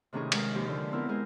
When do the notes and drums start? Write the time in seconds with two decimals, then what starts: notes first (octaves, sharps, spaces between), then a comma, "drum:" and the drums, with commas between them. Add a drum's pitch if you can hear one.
0.13 A2 C3 D#3 C#4 D#4 G#4
0.32 G#3 A#4, drum: cymbal
0.54 D#2 F3 G4
0.68 D3
0.92 B3 C4 E4 F4 A#4
1.09 G#3 G#4 A#4 C5